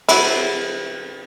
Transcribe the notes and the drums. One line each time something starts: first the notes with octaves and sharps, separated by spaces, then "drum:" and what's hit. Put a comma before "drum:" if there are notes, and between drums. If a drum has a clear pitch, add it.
F#3 E4, drum: cymbal